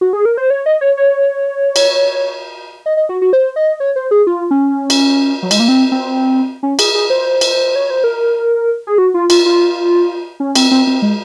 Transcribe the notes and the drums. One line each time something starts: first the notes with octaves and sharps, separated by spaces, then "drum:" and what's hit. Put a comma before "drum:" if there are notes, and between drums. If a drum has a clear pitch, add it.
F#4
G#4
A#4
C5
C#5
D#5
C#5
C#5
drum: cymbal
D#5
D#5
F#4
F#4
C5
D#5
C#5
C5
G#4
F4
C#4
drum: cymbal
F#3
G#3, drum: cymbal
A#3
C4
C4
C#4
G#4, drum: cymbal
G#4
C5
drum: cymbal
C#5
C5
A#4
G#4
F#4
F4
F4, drum: cymbal
F4
C#4
C4, drum: cymbal
C4
C4
G#3